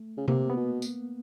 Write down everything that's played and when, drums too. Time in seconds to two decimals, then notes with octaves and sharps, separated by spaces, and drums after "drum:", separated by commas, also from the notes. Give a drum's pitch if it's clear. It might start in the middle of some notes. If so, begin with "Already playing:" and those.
Already playing: A3
0.17 C#3
0.28 C3 A#3, drum: tom C3
0.50 B3
0.57 B2
0.82 drum: tambourine